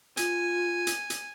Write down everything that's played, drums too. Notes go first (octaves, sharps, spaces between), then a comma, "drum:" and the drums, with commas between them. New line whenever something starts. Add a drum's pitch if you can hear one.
F4 G#5, drum: hi-hat
drum: hi-hat
drum: hi-hat